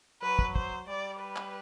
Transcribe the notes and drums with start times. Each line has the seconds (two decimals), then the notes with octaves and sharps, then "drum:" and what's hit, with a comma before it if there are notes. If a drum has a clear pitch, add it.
0.22 F#3 B4
0.39 drum: kick
0.56 C5, drum: kick
0.88 G3 D5
1.20 B4
1.36 drum: clap